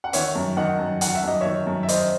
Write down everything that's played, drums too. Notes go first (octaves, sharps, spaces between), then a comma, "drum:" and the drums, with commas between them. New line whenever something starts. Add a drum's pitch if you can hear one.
F#5
D#3 C#5 E5, drum: hi-hat
F#2
D#3 D#5 F#5
F#2
D#3 F#5, drum: hi-hat
E5
F#2 D#5
D#3 C#5 E5
F#2
E5
D#3 C5 D#5, drum: hi-hat